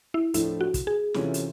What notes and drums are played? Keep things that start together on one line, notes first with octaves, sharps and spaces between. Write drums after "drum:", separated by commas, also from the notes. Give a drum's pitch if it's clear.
E4
A2 F3 A3 D4 E4, drum: hi-hat
F#4
drum: kick, hi-hat
G#4
C3 E3 A3 C#4 F4, drum: snare
drum: hi-hat